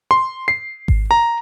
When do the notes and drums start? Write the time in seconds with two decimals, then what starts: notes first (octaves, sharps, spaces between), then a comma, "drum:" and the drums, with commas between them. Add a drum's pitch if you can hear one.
0.11 C6
0.48 C7
0.88 drum: kick G#1
1.11 A#5